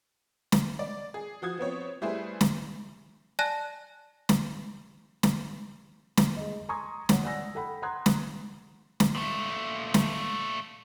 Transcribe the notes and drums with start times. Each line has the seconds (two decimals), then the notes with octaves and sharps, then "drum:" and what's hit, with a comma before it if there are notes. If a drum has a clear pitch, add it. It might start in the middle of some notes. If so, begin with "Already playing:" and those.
0.52 drum: snare
0.79 D5
1.14 G#4
1.42 F3 F#4 D#6 G#6
1.58 F3 B3 C4 C#5
2.02 G3 A3 E4 G#4 B4 C5
2.41 drum: snare
3.39 D5 G#5 A5 F#6 A#6
4.29 drum: snare
5.23 drum: snare
6.17 drum: snare
6.36 G#3 D#5
6.69 G#5 A#5 C6 C#6 D#6 G#6
7.09 C#5 F#5, drum: snare
7.23 D5 F#5 G#5 E6 A#6
7.55 A4 F#5 G5 B5
7.82 F#5 A#5 C6 D#6 F#6 G#6
8.06 drum: snare
9.00 drum: snare
9.15 A#2 A3
9.94 drum: snare